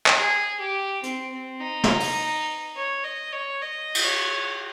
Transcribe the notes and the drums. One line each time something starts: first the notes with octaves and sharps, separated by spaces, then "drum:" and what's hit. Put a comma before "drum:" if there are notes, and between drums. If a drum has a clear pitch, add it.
drum: clap
G#4
G4
C4, drum: hi-hat
C4
D#4
drum: snare
drum: open hi-hat
C#5
D#5
C#5
D#5
drum: cymbal
C#5